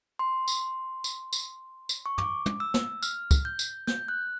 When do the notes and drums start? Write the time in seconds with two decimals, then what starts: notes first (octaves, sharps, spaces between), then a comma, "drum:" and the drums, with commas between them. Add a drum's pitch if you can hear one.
0.19 C6
0.48 drum: tambourine
1.04 drum: tambourine
1.33 drum: tambourine
1.89 drum: tambourine
2.06 C#6
2.18 D6, drum: tom
2.46 drum: tom
2.60 E6
2.74 drum: snare
3.02 F6, drum: tambourine
3.31 drum: kick, tambourine
3.45 G6
3.59 drum: tambourine
3.87 G6, drum: snare
4.08 F#6